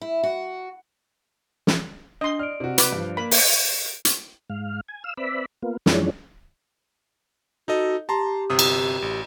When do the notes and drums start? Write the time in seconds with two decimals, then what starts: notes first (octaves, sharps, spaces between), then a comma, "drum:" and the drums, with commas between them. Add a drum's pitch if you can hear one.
0.02 E4
0.24 F#4
1.67 drum: snare
2.21 D4 D#5 C6
2.39 D5 F6 D7
2.60 C3 F#4
2.78 B4 D6, drum: hi-hat
2.92 G2 F3
3.17 A#3 B5
3.31 drum: open hi-hat
4.05 drum: hi-hat
4.50 G#2 F5
4.88 G#5
5.04 F5 E6
5.17 C4 B4 D5 E5 B5
5.62 A#3 B3 F4
5.86 F#2 E3 F3 G#3 C#4 D4, drum: snare
7.68 D#4 F#4 A4 D#5
8.09 G4 A5 A#5 C6
8.50 G1 C3 D#6
8.59 drum: cymbal
9.02 A1